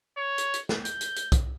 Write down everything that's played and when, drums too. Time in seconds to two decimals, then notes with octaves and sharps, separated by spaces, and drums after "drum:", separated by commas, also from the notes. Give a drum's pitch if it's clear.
0.18 C#5
0.38 drum: hi-hat
0.54 drum: hi-hat
0.69 drum: snare
0.85 G6, drum: hi-hat
1.01 drum: hi-hat
1.16 drum: hi-hat
1.32 drum: kick B1, hi-hat